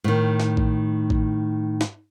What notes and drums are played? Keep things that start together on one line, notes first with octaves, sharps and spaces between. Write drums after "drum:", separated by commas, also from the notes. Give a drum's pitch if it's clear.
A2 D#3
drum: snare
drum: kick A1
drum: kick A1
drum: snare